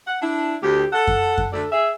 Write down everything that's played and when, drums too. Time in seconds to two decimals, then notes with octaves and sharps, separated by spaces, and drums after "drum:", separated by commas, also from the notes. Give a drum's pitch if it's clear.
0.07 F#5
0.22 D4 E4
0.62 D2 G4
0.93 A4 F#5
1.07 drum: kick F#2
1.38 drum: kick F#2
1.53 D2 D3 A3 D4 A4 D5
1.72 G#4 E5